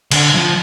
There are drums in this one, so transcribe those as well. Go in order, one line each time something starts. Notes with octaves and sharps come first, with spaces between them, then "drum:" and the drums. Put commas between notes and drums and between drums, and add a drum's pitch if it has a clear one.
D3, drum: cymbal
F3